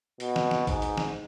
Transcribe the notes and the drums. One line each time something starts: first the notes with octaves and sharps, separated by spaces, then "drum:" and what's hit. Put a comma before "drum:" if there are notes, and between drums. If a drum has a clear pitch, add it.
B2, drum: hi-hat
drum: snare
drum: snare
G#2, drum: kick A1, hi-hat
drum: hi-hat
drum: snare